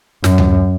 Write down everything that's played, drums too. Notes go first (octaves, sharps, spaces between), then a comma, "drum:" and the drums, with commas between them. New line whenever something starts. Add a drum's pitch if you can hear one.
F#2, drum: snare
drum: tom D2